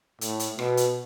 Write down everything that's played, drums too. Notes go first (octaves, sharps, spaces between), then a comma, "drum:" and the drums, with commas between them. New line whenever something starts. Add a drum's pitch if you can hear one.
A2, drum: hi-hat
drum: hi-hat
B2, drum: rim click
drum: hi-hat